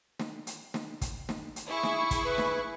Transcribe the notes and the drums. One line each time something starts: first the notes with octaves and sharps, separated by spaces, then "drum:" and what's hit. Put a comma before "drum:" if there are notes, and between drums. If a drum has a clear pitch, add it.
drum: snare
drum: hi-hat
drum: snare
drum: kick, hi-hat
drum: snare
drum: hi-hat
E4 G#4 C#6
drum: snare
drum: kick, hi-hat
B4
drum: snare